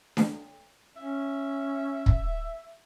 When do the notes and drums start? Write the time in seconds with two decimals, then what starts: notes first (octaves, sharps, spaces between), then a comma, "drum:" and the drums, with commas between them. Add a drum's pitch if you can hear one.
0.17 drum: snare D4
0.97 C#4 E5
2.06 drum: kick